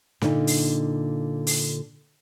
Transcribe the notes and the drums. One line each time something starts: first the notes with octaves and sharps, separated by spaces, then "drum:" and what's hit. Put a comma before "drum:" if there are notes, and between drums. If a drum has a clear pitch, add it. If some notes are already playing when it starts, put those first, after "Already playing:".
A#2 D3 D4 D#4, drum: snare
drum: open hi-hat
drum: open hi-hat